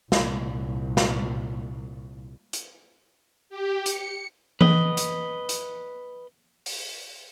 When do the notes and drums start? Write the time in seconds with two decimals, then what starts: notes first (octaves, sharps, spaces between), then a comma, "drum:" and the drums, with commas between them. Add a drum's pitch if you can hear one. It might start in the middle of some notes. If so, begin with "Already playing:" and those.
0.12 C2 A#2, drum: snare
0.97 drum: snare
2.53 drum: hi-hat
3.50 G4
3.86 C#7, drum: hi-hat
4.61 B4 D#5, drum: tom E3
4.97 drum: hi-hat
5.49 drum: hi-hat
6.66 drum: open hi-hat